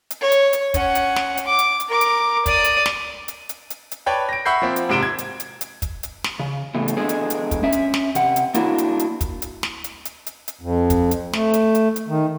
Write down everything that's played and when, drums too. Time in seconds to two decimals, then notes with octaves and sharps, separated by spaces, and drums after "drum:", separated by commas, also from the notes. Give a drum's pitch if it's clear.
0.10 drum: hi-hat
0.21 C#5
0.32 drum: hi-hat
0.53 drum: hi-hat
0.74 C#4 F#5, drum: kick, hi-hat
0.95 drum: hi-hat
1.16 drum: snare
1.37 drum: hi-hat
1.47 D6
1.59 drum: hi-hat
1.80 drum: hi-hat
1.89 A#4 D6
2.01 drum: hi-hat
2.46 D5 D#6, drum: kick, hi-hat
2.64 drum: hi-hat
2.86 drum: snare
3.28 drum: hi-hat
3.49 drum: hi-hat
3.70 drum: hi-hat
3.91 drum: hi-hat
4.06 B4 C#5 D5 G5 A5 B5
4.29 A#6 D7
4.45 E5 F#5 B5 C#6 G6 C7
4.62 F3 A#3 C4
4.76 drum: hi-hat
4.89 G#1 G#2 C3 D7 E7 G7
5.03 G#6
5.18 drum: hi-hat
5.40 drum: hi-hat
5.61 drum: hi-hat
5.82 drum: kick, hi-hat
6.03 drum: hi-hat
6.24 drum: snare
6.39 C#3
6.74 A2 C#3 A3 B3
6.88 drum: hi-hat
6.97 G#3 B3 D4 G#4 A4
7.09 drum: hi-hat
7.30 drum: hi-hat
7.51 drum: kick, hi-hat
7.63 C#4 E5
7.72 drum: hi-hat
7.94 drum: snare
8.15 C3 F#5, drum: hi-hat
8.36 drum: hi-hat
8.54 A#3 D4 E4 F#4 A#4, drum: hi-hat
8.78 drum: hi-hat
8.99 drum: hi-hat
9.21 drum: kick, hi-hat
9.42 drum: hi-hat
9.63 drum: snare
9.84 drum: hi-hat
10.05 drum: hi-hat
10.26 drum: hi-hat
10.48 drum: hi-hat
10.61 F2
10.90 drum: kick, hi-hat
11.11 drum: hi-hat
11.33 A3, drum: snare
11.53 drum: hi-hat
11.75 drum: hi-hat
11.96 drum: hi-hat
12.08 D#3